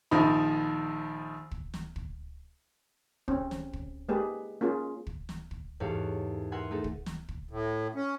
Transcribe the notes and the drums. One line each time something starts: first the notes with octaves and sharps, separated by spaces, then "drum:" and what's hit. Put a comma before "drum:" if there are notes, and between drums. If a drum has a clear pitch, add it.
A#1 D#3 F3 D#4 B5
drum: kick
drum: snare
drum: kick
C4 C#4, drum: kick
drum: snare
drum: kick
G#3 A#3 G4 G#4 B4
A#3 C#4 F4 G#4
drum: kick
drum: snare
drum: kick
E2 G#2 G4 A4 C#5 F5
A#4 E5 F#5 G#5 C6 G#6
A3 D#4 G#4 A4
drum: kick
drum: snare
drum: kick
A2
C#4